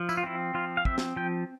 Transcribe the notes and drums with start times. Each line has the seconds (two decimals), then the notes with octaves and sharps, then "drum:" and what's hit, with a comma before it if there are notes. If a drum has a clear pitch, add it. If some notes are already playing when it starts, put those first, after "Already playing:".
Already playing: F3
0.09 E4, drum: tambourine
0.17 F4
0.24 C4 E4
0.54 F3 F4
0.77 F5
0.85 C4 E5, drum: kick
0.98 drum: snare
1.16 F3 G5